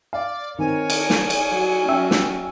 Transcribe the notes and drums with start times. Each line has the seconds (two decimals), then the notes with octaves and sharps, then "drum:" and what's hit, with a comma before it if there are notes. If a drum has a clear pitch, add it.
0.13 D5 F5
0.59 D#3 C4 A#4 C#5 G#5
0.90 drum: cymbal
1.10 drum: snare
1.30 drum: cymbal
1.50 F#3
1.88 F#3 C#4 E5 G5 E6
2.11 drum: snare